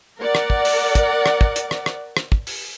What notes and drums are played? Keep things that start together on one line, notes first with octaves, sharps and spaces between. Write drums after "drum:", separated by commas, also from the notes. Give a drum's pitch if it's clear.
A#4 D5 F#5
drum: rim click
drum: kick
drum: open hi-hat
drum: kick, hi-hat
drum: rim click
drum: kick
drum: hi-hat
drum: rim click
drum: rim click
drum: rim click
drum: kick
drum: open hi-hat